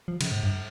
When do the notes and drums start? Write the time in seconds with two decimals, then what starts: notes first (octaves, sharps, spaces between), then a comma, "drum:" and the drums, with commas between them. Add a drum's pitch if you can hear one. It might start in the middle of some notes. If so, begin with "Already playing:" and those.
0.08 F3
0.21 C#3, drum: cymbal
0.32 G#2
0.44 G2